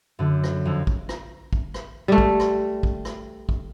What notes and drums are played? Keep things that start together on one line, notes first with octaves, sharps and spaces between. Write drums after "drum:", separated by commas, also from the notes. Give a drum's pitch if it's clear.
F#2 D3
drum: rim click
F2 D3
drum: kick A#1
drum: rim click
drum: kick A#1
drum: rim click
G3 A3
drum: kick A#1
drum: rim click
drum: kick A#1
drum: rim click
drum: kick A#1